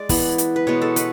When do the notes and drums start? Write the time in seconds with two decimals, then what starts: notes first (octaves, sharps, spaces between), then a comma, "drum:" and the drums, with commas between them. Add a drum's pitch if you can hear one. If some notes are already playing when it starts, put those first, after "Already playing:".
Already playing: G#3 D5
0.09 E3 B3, drum: kick, open hi-hat
0.38 drum: hi-hat
0.56 B4
0.67 B2 G#3 B3 C#5
0.82 A4
0.96 B4, drum: hi-hat